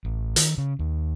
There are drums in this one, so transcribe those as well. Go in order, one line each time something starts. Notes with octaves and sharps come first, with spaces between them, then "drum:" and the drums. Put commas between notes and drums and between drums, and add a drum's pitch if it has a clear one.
A1
D#3, drum: hi-hat
C#3
D#2